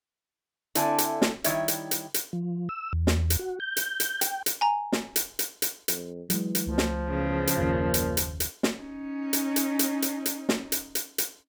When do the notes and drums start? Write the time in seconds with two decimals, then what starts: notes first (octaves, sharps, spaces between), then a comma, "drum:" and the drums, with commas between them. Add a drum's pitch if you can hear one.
0.75 D3 C4 E4 D5 G#5 A5, drum: hi-hat
0.98 drum: hi-hat
1.22 drum: snare
1.44 D#3 G3 E4 C#5 E5, drum: hi-hat
1.68 drum: hi-hat
1.91 drum: hi-hat
2.14 drum: hi-hat
2.33 F3
2.69 E6
2.93 E2
3.07 drum: snare
3.30 drum: hi-hat
3.39 F#4
3.60 G6
3.77 drum: hi-hat
4.00 drum: hi-hat
4.21 G5, drum: hi-hat
4.46 drum: hi-hat
4.61 G#5 A#5
4.92 drum: snare
5.16 drum: hi-hat
5.39 drum: hi-hat
5.62 drum: hi-hat
5.88 F2, drum: hi-hat
6.30 E3 F#3 G#3, drum: hi-hat
6.55 drum: hi-hat
6.67 C#2 F3 A3
6.78 drum: snare
7.09 E2 C#3
7.47 drum: hi-hat
7.57 F#1 D#2 A#2
7.94 drum: hi-hat
8.17 drum: hi-hat
8.40 drum: hi-hat
8.63 drum: snare
8.79 C#4 D#4
9.33 drum: hi-hat
9.56 drum: hi-hat
9.79 drum: hi-hat
10.02 drum: hi-hat
10.26 drum: hi-hat
10.49 drum: snare
10.72 drum: hi-hat
10.95 drum: hi-hat
11.18 drum: hi-hat